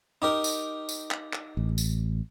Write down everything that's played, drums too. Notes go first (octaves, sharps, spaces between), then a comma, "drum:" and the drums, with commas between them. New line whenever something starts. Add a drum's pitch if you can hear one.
D#4 G4 A#4
drum: tambourine
drum: tambourine
drum: clap
drum: clap
A1
drum: tambourine